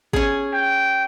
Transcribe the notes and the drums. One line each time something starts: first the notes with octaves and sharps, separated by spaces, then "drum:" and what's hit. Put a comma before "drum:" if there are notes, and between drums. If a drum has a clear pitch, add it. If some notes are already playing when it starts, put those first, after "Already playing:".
C#4 G#4, drum: kick
G5